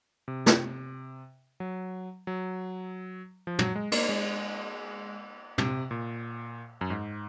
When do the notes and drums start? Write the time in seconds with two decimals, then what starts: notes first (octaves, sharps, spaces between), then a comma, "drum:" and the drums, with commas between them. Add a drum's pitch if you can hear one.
0.28 C3
0.46 drum: snare
1.60 F#3
2.27 F#3
3.47 F3
3.59 F#3, drum: tom
3.75 G#3
3.92 A#3, drum: cymbal
4.09 G#3
5.58 C3, drum: tom
5.91 A#2
6.81 F#2
6.90 G#2